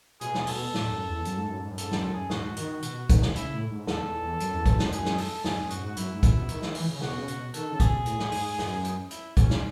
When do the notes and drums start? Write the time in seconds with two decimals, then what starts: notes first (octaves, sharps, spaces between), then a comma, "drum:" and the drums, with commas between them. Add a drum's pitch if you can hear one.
0.21 B2 G#4, drum: hi-hat
0.34 drum: snare
0.47 B2 A4, drum: open hi-hat
0.74 A2, drum: snare
0.91 F#2
1.08 E2
1.25 F#2, drum: hi-hat
1.37 G#2
1.48 F#2
1.59 G#2
1.71 F#2
1.78 G#2 A4, drum: hi-hat
1.92 F#2 A4, drum: snare
2.13 G#4
2.30 G#2 F#4, drum: snare
2.57 D#3, drum: hi-hat
2.82 B2, drum: hi-hat
3.10 D#3, drum: kick, hi-hat
3.22 drum: snare
3.36 C#3 E4, drum: hi-hat
3.53 A2
3.71 G#2
3.87 E2 A4, drum: snare
4.04 E2
4.22 E2
4.40 F#2, drum: hi-hat
4.52 E2
4.66 F#2, drum: kick, hi-hat
4.79 drum: snare
4.92 G#4, drum: hi-hat
5.05 drum: snare
5.18 A4, drum: open hi-hat
5.44 F#2 G#4, drum: snare
5.61 F#2
5.70 F#4, drum: hi-hat
5.79 G#2
5.86 F#4
5.97 F#2 E4, drum: hi-hat
6.14 G#2
6.23 drum: kick, hi-hat
6.32 B2
6.49 D#3, drum: hi-hat
6.62 D#3, drum: snare
6.75 E3, drum: open hi-hat
6.88 C#3
7.01 B2 F#4, drum: snare
7.17 C#3
7.28 B2, drum: hi-hat
7.54 D#3 A4, drum: hi-hat
7.71 C#3 A4
7.80 G#4, drum: kick, hi-hat
7.89 B2
8.06 A2, drum: hi-hat
8.19 drum: snare
8.32 G#2, drum: open hi-hat
8.59 F#2, drum: snare
8.85 drum: hi-hat
9.11 E4, drum: hi-hat
9.37 C#4, drum: kick, hi-hat
9.50 drum: snare